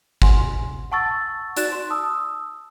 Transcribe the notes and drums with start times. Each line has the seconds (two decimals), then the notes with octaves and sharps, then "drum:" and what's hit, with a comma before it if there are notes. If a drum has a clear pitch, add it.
0.22 F#5 G#5 C6, drum: kick G#1
0.92 F#5 A5 C#6 E6 A6
1.57 D#4 F#4 D5 F#6 A6 E7, drum: hi-hat
1.72 C6
1.90 A5 D#6 E6